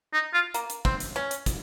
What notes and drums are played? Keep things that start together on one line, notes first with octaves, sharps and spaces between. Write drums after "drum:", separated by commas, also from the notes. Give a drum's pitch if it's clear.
D#4
F4
A#3, drum: hi-hat
drum: hi-hat
C4, drum: kick
drum: hi-hat
C#4
drum: hi-hat
drum: kick, hi-hat